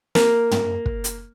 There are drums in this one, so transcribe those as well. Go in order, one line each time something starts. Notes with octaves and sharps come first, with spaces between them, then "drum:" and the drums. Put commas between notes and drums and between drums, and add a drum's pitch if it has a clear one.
A#3, drum: snare
drum: tom
drum: kick
drum: hi-hat